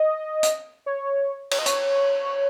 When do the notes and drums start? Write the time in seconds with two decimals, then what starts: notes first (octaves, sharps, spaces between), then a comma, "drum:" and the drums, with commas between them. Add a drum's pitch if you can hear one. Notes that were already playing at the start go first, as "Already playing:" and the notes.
Already playing: D#5
0.43 drum: hi-hat
0.86 C#5
1.51 C#5, drum: cymbal
1.59 D#5
1.66 C#5, drum: hi-hat